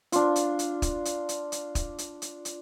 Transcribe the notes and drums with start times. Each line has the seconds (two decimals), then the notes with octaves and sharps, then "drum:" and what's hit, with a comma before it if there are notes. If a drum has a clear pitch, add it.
0.12 D4 F4, drum: hi-hat
0.36 drum: hi-hat
0.59 drum: hi-hat
0.82 drum: kick, hi-hat
1.05 drum: hi-hat
1.29 drum: hi-hat
1.52 drum: hi-hat
1.75 drum: kick, hi-hat
1.98 drum: hi-hat
2.22 drum: hi-hat
2.45 drum: hi-hat